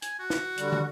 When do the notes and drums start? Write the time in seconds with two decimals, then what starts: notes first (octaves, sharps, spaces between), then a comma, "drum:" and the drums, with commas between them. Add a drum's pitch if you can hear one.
0.02 G#5, drum: hi-hat
0.19 F#4
0.30 drum: snare
0.57 D3 G3, drum: hi-hat
0.72 drum: tom